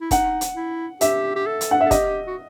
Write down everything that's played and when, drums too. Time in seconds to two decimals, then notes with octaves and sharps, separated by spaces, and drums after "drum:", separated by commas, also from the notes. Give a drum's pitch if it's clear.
0.01 E4
0.11 D#4 F#5, drum: kick, hi-hat
0.41 drum: hi-hat
0.56 E4
1.01 G4 E5, drum: hi-hat
1.36 G4
1.46 A4
1.61 drum: hi-hat
1.71 F#5
1.81 E5
1.86 A4
1.91 G4 D#5, drum: kick, hi-hat
2.27 F#4